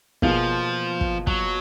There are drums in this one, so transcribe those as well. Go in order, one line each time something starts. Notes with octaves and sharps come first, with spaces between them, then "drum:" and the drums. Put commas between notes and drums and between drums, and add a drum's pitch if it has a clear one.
B2 F3 A#3 F4 G#4, drum: kick
drum: kick
F#3, drum: kick